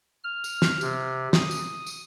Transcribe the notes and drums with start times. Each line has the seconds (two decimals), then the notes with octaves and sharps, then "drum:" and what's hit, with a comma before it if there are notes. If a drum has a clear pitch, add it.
0.24 F6
0.44 drum: tambourine
0.62 drum: snare
0.81 C3, drum: tambourine
1.33 D#6, drum: snare
1.51 drum: tambourine
1.87 drum: tambourine